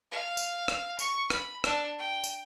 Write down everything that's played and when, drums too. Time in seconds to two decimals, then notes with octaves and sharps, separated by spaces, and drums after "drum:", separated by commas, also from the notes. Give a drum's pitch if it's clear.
0.11 F5
0.37 drum: tambourine
0.68 drum: rim click
0.99 C#6, drum: tambourine
1.30 B5, drum: rim click
1.64 D4, drum: rim click
1.99 G5
2.24 drum: tambourine